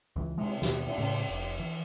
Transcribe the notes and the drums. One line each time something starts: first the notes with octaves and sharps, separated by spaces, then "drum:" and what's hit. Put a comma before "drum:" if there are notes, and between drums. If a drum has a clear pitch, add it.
C#2 E3
C3 G#3, drum: cymbal
D#2 B2, drum: snare
drum: cymbal
A2 C#3
F1
E3